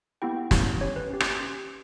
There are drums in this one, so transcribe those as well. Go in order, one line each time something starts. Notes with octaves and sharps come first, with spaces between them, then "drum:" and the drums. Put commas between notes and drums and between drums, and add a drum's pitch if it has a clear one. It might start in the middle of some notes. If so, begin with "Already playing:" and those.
B3 E4 G4 G5
B3 E4 G4, drum: snare
C#4 G4 C#5
B4
C#4 G4
drum: rim click
C#4 G4